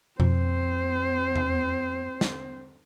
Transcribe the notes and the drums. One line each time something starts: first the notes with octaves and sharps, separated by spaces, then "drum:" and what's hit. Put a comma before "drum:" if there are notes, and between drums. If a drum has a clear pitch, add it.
F2 C4 C5, drum: tom B2
drum: tom E2
drum: snare